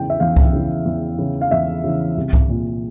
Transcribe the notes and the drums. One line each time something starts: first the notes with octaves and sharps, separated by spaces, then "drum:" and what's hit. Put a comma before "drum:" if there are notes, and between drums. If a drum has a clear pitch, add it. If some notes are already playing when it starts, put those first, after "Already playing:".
Already playing: E2 C#3 E3 G5
E5
E2 F5
drum: kick C2
C#3 E3
E2
C#3 E3
F5
E2 E5
C#3 E3
C2
drum: kick C2
A#2